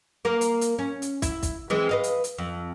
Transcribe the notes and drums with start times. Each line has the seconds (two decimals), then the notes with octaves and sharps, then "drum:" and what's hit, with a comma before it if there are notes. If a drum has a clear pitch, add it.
0.25 A#3 A#4
0.41 drum: hi-hat
0.61 drum: hi-hat
0.79 C#4
1.02 drum: hi-hat
1.22 E4, drum: kick, hi-hat
1.43 drum: kick, hi-hat
1.70 E3 G#3 C4
1.89 B4 D#5 F5
2.04 drum: hi-hat
2.24 drum: hi-hat
2.38 F2